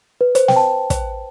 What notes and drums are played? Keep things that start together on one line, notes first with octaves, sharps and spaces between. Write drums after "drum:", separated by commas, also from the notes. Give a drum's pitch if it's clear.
B4
C5, drum: hi-hat
G5, drum: snare
A5
drum: kick, hi-hat